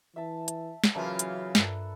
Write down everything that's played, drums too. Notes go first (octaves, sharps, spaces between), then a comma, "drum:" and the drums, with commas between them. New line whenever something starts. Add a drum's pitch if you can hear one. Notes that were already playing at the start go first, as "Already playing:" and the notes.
E3 E5 A5
drum: hi-hat
drum: snare
C#3 E3 F#3 A#3 F4 E5 A5
drum: hi-hat
G2 D4 A4 B4, drum: snare